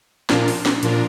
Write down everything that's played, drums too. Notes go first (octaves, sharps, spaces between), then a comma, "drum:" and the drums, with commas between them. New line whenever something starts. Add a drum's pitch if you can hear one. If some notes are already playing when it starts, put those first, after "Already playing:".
A#2 F3 D4 F4 A#4, drum: snare
drum: open hi-hat
drum: snare
A#2 F3 D4 F4 A#4, drum: hi-hat